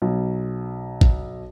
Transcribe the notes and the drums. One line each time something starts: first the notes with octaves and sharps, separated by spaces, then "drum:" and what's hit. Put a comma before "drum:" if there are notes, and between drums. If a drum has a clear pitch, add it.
B1
drum: kick